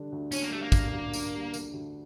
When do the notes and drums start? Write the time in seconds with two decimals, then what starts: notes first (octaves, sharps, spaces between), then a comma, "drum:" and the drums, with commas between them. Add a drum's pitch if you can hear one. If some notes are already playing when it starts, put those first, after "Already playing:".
Already playing: D3 G3 D4
0.12 D2
0.32 C#4 D4, drum: tambourine
0.42 A#3
0.52 G3 A3
0.62 A#3
0.72 D3, drum: kick, tambourine
0.93 D2
1.13 D4, drum: tambourine
1.34 G3
1.54 D3, drum: tambourine
1.73 D2